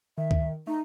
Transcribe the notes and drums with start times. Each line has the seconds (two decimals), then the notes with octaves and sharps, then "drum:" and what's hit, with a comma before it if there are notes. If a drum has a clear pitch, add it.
0.18 D#3 E5
0.31 drum: kick D2
0.67 A3 D#4